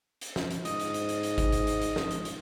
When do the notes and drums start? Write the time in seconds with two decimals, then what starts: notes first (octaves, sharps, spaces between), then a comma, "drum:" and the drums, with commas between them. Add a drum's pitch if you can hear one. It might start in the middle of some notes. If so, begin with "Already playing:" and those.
0.21 drum: hi-hat
0.36 drum: snare
0.51 drum: hi-hat
0.65 G#2 D#5, drum: hi-hat
0.80 drum: hi-hat
0.94 drum: hi-hat
1.09 drum: hi-hat
1.23 drum: hi-hat
1.38 drum: kick G#1, hi-hat
1.52 drum: hi-hat
1.67 drum: hi-hat
1.82 drum: hi-hat
1.96 drum: snare
2.11 drum: hi-hat
2.25 drum: hi-hat